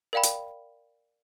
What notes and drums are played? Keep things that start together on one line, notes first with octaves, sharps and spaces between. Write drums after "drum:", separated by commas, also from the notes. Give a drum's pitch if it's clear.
A#4 D5 F5 G5 B5
drum: hi-hat